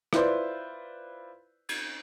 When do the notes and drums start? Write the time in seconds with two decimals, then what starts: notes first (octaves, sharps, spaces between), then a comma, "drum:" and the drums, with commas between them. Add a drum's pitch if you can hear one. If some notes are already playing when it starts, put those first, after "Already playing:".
0.13 E4 F4 B4 C5 D5, drum: rim click
1.69 drum: cymbal